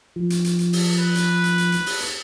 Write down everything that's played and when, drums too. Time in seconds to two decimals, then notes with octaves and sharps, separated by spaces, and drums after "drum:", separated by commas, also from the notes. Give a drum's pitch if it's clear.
0.16 F3
0.30 drum: hi-hat
0.44 drum: hi-hat
0.59 drum: hi-hat
0.73 drum: open hi-hat
1.00 B4
1.15 drum: hi-hat
1.44 drum: hi-hat
1.58 drum: hi-hat
1.72 drum: hi-hat
1.86 drum: open hi-hat
2.00 drum: hi-hat